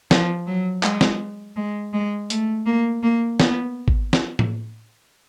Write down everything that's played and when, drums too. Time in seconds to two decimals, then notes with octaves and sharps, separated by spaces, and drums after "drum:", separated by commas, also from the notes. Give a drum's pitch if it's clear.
0.11 F3, drum: snare
0.47 F#3
0.83 G#3, drum: clap
1.01 drum: snare
1.56 G#3
1.93 G#3
2.30 A3, drum: hi-hat
2.66 A#3
3.03 A#3
3.40 B3, drum: snare
3.88 drum: kick G#1
4.13 drum: snare
4.39 drum: tom A2